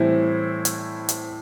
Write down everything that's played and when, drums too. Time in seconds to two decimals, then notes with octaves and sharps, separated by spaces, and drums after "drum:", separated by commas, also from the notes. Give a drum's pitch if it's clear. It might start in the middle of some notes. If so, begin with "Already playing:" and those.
Already playing: A2 E3 G3 C4 E4
0.65 drum: hi-hat
1.09 drum: hi-hat